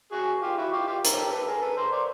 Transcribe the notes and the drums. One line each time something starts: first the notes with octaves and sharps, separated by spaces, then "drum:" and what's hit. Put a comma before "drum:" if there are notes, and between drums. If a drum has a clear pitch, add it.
F#4 G#4
F4 G4
E4 F#4
F4 G4
F4 G4
A#4, drum: hi-hat
G4 A4
A4 B4
G#4 A#4
A4 B4
A#4 C5
C5 D5